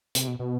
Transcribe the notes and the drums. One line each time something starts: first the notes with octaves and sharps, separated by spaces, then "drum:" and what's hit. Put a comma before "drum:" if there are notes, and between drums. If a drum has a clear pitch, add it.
C3, drum: hi-hat
B2
B2